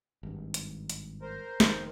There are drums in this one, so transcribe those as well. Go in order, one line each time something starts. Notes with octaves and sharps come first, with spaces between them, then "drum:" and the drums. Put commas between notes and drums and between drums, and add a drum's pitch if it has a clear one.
G#1 G2
drum: hi-hat
drum: hi-hat
A#4 C5
F1 D#3, drum: snare